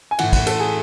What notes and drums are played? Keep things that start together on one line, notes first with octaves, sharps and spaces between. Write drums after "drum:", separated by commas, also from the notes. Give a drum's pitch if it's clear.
G#5
A2 E3 F#5, drum: cymbal
F#5, drum: kick, cymbal
A4, drum: cymbal
G#4